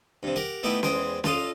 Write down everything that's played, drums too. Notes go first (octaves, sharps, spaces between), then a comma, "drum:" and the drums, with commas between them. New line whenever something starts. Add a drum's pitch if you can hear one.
G2 C3
G4 A#4 F#5
A3 B3 D#4 E4 G4 G5
E2 G#3 G#4 C5 G5, drum: snare C#4
F4 A4 D#5 F5, drum: snare C#4